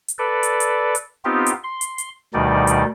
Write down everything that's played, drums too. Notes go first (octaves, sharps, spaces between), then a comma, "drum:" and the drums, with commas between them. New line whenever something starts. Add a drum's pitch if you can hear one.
drum: hi-hat
A4 B4 D5
drum: hi-hat
drum: hi-hat
drum: hi-hat
B3 C4 D#4 F4 G4
drum: hi-hat
C6
drum: hi-hat
drum: hi-hat
D2 B2 D#3 G3 D#4 D5
drum: hi-hat